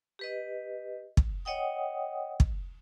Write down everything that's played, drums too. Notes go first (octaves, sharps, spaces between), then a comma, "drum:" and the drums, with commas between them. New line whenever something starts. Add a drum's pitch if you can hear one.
G4 B4 D#5
drum: kick
C#5 D#5 F#5 G5 D#6
drum: kick